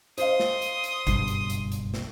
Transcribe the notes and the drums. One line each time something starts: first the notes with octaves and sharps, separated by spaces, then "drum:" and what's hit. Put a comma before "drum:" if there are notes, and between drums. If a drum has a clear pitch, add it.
C5 D#5 F5 C6 D#6, drum: hi-hat
drum: snare
drum: hi-hat
drum: hi-hat
F#1 B1 G2 C7, drum: kick G1, hi-hat
drum: hi-hat
drum: hi-hat
drum: hi-hat
drum: snare